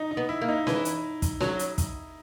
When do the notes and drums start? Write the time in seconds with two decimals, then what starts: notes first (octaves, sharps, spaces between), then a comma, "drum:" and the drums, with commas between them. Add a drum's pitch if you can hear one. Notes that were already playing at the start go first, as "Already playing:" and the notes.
Already playing: D#4
0.11 D#4
0.17 B3
0.29 E4
0.41 A#3
0.48 D#4
0.67 E3, drum: snare C#4
0.85 drum: hi-hat
1.22 drum: kick, hi-hat
1.41 F#3, drum: snare C#4
1.59 drum: hi-hat
1.78 drum: kick, hi-hat